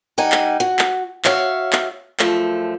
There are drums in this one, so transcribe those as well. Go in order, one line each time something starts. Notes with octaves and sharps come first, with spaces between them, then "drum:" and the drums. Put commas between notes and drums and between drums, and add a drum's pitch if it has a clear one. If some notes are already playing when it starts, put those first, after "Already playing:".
G3 D#4 F#5 G#5
drum: clap
F#4
drum: clap
F#4 C#5 E5 F5, drum: clap
drum: clap
F#2 F3 A3, drum: clap